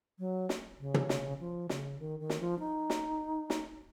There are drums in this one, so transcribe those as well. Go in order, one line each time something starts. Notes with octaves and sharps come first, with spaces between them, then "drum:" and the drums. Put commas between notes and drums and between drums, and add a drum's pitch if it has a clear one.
F#3
drum: snare
C#3
drum: tom
drum: snare
F3
C#3, drum: snare
D#3
D#3
drum: snare
F3
D#4
drum: snare
drum: snare